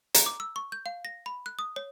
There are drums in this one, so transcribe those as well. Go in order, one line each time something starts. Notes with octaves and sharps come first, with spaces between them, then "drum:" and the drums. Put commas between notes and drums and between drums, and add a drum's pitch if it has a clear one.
A#5, drum: hi-hat
D6
E6
C#6
G6
F5
A#6
B5
F#6
D#6
C#5